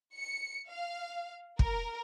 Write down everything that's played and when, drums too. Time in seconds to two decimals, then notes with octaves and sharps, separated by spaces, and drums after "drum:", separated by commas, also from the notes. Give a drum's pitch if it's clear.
0.16 C#7
0.68 F5
1.59 A#4, drum: kick